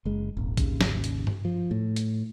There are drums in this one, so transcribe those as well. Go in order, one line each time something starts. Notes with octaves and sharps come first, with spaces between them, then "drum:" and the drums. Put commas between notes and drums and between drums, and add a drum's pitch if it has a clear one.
F#1 G#3
D#1 G#1
G#1 D#2 C#3, drum: kick, hi-hat
drum: snare
drum: hi-hat
drum: tom G2
F3
A2
drum: hi-hat